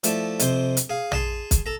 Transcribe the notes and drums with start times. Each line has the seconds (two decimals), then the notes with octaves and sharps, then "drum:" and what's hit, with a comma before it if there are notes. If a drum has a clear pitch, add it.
0.04 F3 A3 E4 D5, drum: hi-hat
0.39 F2 C3 C5, drum: hi-hat
0.77 drum: hi-hat
0.90 G#4 F5
1.12 G#4 A5 C6, drum: tom A#1
1.51 drum: kick, hi-hat
1.66 A4 A#5